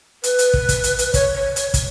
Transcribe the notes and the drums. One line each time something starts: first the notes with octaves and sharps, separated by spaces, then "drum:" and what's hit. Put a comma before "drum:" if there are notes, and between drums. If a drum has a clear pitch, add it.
B4, drum: hi-hat
drum: hi-hat
drum: kick
drum: kick, hi-hat
drum: hi-hat
drum: hi-hat
C#5, drum: kick, hi-hat
C#5
C#5, drum: hi-hat
drum: kick, hi-hat